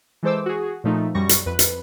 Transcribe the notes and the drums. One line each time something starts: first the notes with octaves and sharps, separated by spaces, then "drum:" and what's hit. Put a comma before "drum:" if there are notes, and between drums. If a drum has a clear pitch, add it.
E3 G#3 A4 C5 D6 E6
F#4 G#4
A#2 F3 A3 D#4
F#2 G3 C#6 A#6
drum: hi-hat
F2 B4
drum: hi-hat